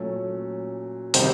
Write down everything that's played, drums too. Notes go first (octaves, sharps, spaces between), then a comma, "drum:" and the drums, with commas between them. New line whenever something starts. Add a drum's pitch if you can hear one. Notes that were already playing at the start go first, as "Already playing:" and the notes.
Already playing: A#2 F#3 A3 C#4
C3 D#3 G3 C4, drum: open hi-hat